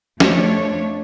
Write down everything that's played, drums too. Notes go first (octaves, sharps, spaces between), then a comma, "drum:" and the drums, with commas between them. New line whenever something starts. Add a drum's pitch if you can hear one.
F2 A3 D4 C#5, drum: snare